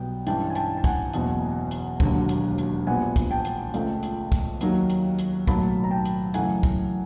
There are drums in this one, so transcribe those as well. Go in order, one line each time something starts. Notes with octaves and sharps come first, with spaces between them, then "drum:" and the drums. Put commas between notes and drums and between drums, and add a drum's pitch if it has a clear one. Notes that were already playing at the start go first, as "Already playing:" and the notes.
Already playing: B1 B2 G3 B3 G5
G2 E3 G#3 C#4 G5 A5, drum: hi-hat
G#5
G5 A5, drum: hi-hat
A5
F#5 G#5, drum: kick, hi-hat
F#1 E2 B2, drum: hi-hat
drum: hi-hat
E1 D#2 D3 F#3, drum: kick, hi-hat
drum: hi-hat
drum: hi-hat
A#1 A#2 G3 B3 F#5 G#5
drum: kick, hi-hat
G5 A5
drum: hi-hat
C#2 C#3 F3 A3, drum: hi-hat
drum: hi-hat
drum: kick, hi-hat
D#2 D#3 F#3 A#3, drum: hi-hat
drum: hi-hat
drum: hi-hat
B1 A2 F#3 A#3 A5 B5, drum: kick, hi-hat
A#5
G5 A5
drum: hi-hat
F#2 C#3 E3 A3 F#5 G#5, drum: hi-hat
drum: kick, hi-hat